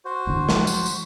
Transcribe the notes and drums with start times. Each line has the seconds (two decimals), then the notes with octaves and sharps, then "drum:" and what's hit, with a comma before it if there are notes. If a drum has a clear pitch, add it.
0.05 F#4 C5
0.27 D1 G#1 D3
0.49 F3, drum: snare
0.67 drum: tambourine
0.86 drum: tambourine